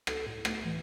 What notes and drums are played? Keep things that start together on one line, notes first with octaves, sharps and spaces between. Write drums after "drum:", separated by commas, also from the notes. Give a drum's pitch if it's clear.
A4, drum: rim click
A2
A3, drum: rim click
E3